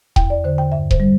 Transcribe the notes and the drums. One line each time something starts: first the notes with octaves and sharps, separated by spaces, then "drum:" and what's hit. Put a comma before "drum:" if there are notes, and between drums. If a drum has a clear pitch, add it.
E2 G5, drum: kick D#1
D5
D3 C5
G5
G2 E5
C5, drum: kick D#1
G3